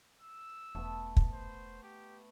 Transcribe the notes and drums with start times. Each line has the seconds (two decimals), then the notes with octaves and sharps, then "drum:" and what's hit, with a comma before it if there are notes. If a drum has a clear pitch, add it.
0.21 E6
0.75 E1 A3 B3
1.17 drum: kick
1.32 C5
1.83 G4